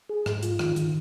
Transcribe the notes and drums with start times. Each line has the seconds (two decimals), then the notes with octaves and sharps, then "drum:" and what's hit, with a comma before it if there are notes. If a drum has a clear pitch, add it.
0.09 G#4
0.26 G#2, drum: rim click
0.43 F4, drum: hi-hat
0.59 D#3, drum: rim click
0.76 D#3, drum: hi-hat